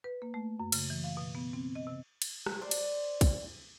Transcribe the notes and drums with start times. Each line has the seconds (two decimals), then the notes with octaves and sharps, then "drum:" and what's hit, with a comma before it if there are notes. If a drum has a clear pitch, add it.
0.04 B4
0.22 A#3
0.34 A3
0.60 F#2
0.72 C#3, drum: cymbal
0.90 E3
1.04 F5
1.17 B2
1.35 B3
1.53 C4
1.75 D#5
1.87 C3
2.22 drum: cymbal
2.46 drum: rim click
2.61 C5 D5
2.71 drum: cymbal
3.21 drum: kick, cymbal